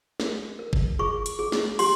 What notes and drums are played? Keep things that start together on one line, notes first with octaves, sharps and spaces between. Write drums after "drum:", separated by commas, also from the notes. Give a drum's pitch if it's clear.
A#4, drum: snare
A#4
drum: kick G1
G#4 C#6
drum: hi-hat
G#4
drum: snare
G4 C6, drum: open hi-hat